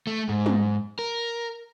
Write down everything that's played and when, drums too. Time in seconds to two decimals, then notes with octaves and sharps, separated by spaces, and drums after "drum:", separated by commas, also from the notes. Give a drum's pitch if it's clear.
0.07 A3
0.29 G#2
0.46 drum: tom
0.99 A#4